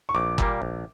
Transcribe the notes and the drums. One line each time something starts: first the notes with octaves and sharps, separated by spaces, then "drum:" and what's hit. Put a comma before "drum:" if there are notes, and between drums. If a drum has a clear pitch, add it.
C#6
A#1 D6
A#2 G3 A#3, drum: kick
A#1